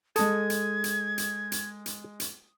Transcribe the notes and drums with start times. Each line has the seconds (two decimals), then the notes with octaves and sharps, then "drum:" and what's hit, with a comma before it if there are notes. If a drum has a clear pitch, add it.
0.16 G#3 A4 D#6 G#6, drum: hi-hat
0.50 drum: hi-hat
0.84 drum: hi-hat
1.18 drum: hi-hat
1.52 drum: hi-hat
1.86 drum: hi-hat
2.20 drum: hi-hat